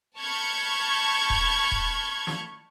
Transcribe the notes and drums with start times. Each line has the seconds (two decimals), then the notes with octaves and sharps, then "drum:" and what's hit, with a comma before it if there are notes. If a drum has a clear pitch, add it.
0.19 A5 B5 C#6 F6 G6 G#6
1.30 drum: kick D#1
1.72 drum: kick D#1
2.27 drum: snare